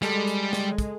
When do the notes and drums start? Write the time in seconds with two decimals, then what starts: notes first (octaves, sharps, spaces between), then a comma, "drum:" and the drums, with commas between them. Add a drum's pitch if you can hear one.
0.02 G3 G#3 G#4 A4, drum: snare
0.27 drum: hi-hat
0.53 drum: snare
0.78 drum: kick, hi-hat